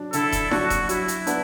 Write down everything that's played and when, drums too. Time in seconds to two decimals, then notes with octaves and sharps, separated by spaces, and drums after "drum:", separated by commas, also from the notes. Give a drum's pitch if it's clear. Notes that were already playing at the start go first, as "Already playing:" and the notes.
Already playing: F#3 D4
0.13 D3 E4 A4, drum: hi-hat
0.32 drum: kick D#1, hi-hat
0.51 F#3 D4 F#4, drum: snare E4
0.70 drum: kick D#1, hi-hat
0.89 F#3 E4, drum: hi-hat
1.08 drum: hi-hat
1.27 B3 D4, drum: hi-hat